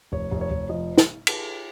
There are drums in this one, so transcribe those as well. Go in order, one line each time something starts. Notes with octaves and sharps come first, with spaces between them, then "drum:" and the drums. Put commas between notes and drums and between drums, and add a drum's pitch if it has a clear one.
F1 C#5
F1
C#5
F1
F3 D#5
drum: snare
drum: cymbal